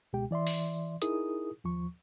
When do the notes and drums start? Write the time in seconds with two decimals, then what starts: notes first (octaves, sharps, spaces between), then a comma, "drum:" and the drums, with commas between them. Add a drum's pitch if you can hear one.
0.13 C#2 B2 G#3 G4 G5
0.31 E3 D5 E5 C6
0.47 drum: open hi-hat
1.02 D#4 E4 G#4 A#4 D#6, drum: hi-hat
1.64 D#2 F3 C#6